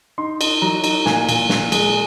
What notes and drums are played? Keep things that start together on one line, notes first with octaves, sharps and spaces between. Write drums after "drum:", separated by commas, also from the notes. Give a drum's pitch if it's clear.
D#4 C6
D#4, drum: cymbal
F#3 A#5
D#4, drum: cymbal
A#2 G#5, drum: snare
A#2, drum: cymbal
A#2, drum: snare
G#3, drum: cymbal